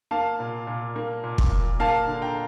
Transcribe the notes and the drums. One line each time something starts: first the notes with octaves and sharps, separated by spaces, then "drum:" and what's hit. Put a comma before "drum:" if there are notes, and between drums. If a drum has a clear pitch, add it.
A#3 F5 A5
A#2
A#2
A#3
A#2
drum: kick
A#2
A#3 F5 A5
D3
G5 A#5